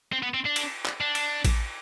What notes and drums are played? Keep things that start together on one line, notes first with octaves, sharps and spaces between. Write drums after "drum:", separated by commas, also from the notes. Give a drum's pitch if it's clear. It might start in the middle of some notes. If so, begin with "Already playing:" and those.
C4
B3
C4
D4
drum: cymbal
drum: clap
D4
drum: cymbal
drum: kick A1, cymbal